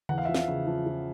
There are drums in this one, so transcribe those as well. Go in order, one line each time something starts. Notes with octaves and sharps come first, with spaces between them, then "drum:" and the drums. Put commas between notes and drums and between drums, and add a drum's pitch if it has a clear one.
E2 F#5, drum: tom C#3
F5
E5
F3
F5, drum: snare
C#3
F3
F3